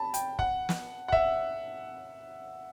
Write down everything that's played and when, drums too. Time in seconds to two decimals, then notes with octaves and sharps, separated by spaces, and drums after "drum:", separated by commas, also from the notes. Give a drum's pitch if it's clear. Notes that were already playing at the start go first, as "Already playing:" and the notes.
Already playing: A5 B5
0.14 G5, drum: hi-hat
0.39 F#5, drum: kick
0.69 drum: snare
1.08 F#5
1.12 E5, drum: kick